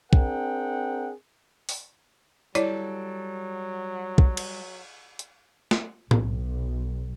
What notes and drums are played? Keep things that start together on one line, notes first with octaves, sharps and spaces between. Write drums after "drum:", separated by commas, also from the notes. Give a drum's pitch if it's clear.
C4 D4 G#4 A#4 F#5 G5, drum: kick B1
drum: open hi-hat
F#3 G3 E4 A4 C#5 D5, drum: hi-hat
drum: kick B1
drum: cymbal
drum: hi-hat
drum: snare
B1, drum: tom A2